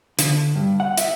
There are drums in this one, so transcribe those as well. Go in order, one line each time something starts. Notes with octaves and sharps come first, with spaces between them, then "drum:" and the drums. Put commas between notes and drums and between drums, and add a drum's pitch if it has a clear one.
D3, drum: hi-hat
G2
F#5
E5, drum: hi-hat